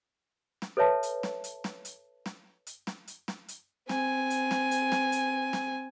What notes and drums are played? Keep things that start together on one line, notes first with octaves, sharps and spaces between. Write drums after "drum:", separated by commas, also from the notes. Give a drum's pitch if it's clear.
drum: snare
A4 B4 C#5 E5 A5
drum: hi-hat
drum: snare
drum: hi-hat
drum: snare
drum: hi-hat
drum: snare
drum: hi-hat
drum: snare
drum: hi-hat
drum: snare
drum: hi-hat
C4 G#5, drum: snare
drum: hi-hat
drum: snare
drum: hi-hat
drum: snare
drum: hi-hat
drum: snare